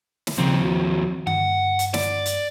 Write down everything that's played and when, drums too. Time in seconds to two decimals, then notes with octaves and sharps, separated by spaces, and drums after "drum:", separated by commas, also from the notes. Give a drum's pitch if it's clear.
0.27 drum: snare
0.38 D#2 C#3 F3 C4
0.63 F3 F#4
1.27 G2 F#5, drum: tom D3
1.79 drum: hi-hat
1.94 D5, drum: snare
2.26 drum: hi-hat